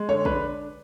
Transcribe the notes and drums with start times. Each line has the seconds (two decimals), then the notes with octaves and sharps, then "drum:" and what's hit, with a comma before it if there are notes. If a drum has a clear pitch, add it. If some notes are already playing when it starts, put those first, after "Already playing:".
Already playing: G#3
0.08 D3 C#5
0.25 D4 B4, drum: kick